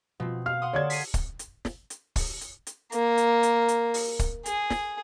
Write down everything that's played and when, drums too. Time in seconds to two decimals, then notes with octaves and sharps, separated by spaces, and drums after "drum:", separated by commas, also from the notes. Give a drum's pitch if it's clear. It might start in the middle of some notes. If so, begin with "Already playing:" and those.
0.20 B2 F3 C4
0.46 F5 F6
0.62 F#5 C6 D#6
0.73 D3 C#5 D5 A5 G#6
0.90 B6 C7 D#7, drum: open hi-hat
1.14 drum: kick, hi-hat
1.39 drum: hi-hat
1.65 drum: snare
1.90 drum: hi-hat
2.16 drum: kick, open hi-hat
2.41 drum: hi-hat
2.67 drum: hi-hat
2.92 A#3, drum: hi-hat
3.18 drum: hi-hat
3.43 drum: hi-hat
3.68 drum: hi-hat
3.94 drum: open hi-hat
4.19 drum: kick, hi-hat
4.46 G#4, drum: hi-hat
4.70 drum: snare